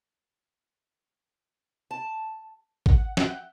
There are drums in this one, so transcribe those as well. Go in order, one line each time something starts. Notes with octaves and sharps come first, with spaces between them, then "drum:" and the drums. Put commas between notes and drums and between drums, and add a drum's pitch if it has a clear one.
A5
F#5, drum: kick
E5 F#5 G5 F#6 G6, drum: snare